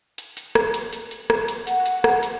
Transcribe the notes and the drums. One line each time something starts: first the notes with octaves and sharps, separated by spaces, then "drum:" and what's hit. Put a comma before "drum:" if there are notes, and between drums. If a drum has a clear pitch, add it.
drum: hi-hat
drum: hi-hat
drum: rim click
drum: hi-hat
drum: hi-hat
drum: hi-hat
drum: rim click
drum: hi-hat
F#5, drum: hi-hat
drum: hi-hat
drum: rim click
drum: hi-hat